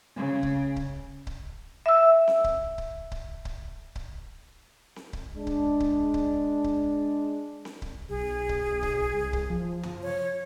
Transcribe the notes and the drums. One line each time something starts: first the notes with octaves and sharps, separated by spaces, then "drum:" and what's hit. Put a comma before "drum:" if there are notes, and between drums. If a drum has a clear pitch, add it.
C#3
drum: kick C#1
drum: kick C#1
drum: kick C#1
E5 E6
drum: snare C4
drum: kick C#1
drum: kick C#1
drum: kick C#1
drum: kick C#1
drum: kick C#1
drum: snare C4
drum: kick C#1
G#3 D4
drum: kick C#1
drum: kick C#1
drum: kick C#1
drum: kick C#1
drum: snare C4
drum: kick C#1
B1 G#4
drum: kick C#1
drum: kick C#1
C2
drum: kick C#1
F3
drum: tom
C#5